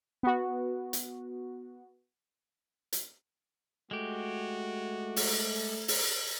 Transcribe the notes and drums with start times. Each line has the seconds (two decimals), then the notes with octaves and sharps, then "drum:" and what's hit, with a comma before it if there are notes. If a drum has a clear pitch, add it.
0.23 B3 F#4
0.93 drum: hi-hat
2.93 drum: hi-hat
3.91 G#3 A3 F#4 G4
5.16 drum: open hi-hat
5.88 drum: open hi-hat